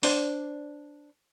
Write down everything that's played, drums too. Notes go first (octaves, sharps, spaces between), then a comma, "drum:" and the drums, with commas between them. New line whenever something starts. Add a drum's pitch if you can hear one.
D4 C5 D5, drum: open hi-hat